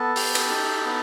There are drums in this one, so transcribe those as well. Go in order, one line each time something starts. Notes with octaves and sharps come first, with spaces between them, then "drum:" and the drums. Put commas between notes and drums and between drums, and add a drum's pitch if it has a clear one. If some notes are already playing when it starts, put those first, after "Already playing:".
Already playing: B3 A4
G4, drum: open hi-hat
drum: cymbal
D#4
B3